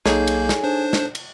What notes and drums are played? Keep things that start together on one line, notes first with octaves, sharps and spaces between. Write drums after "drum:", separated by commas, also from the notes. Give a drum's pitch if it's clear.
B1 A#3 D#4 G#4 A4 C#5 G6, drum: snare
drum: cymbal
drum: snare
D4 C5
drum: snare
drum: cymbal